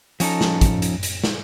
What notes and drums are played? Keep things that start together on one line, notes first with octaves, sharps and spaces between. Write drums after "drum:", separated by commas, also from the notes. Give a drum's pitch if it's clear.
F3 C#4 D#4 A4, drum: hi-hat
drum: snare
drum: kick, hi-hat
drum: hi-hat
drum: hi-hat
drum: snare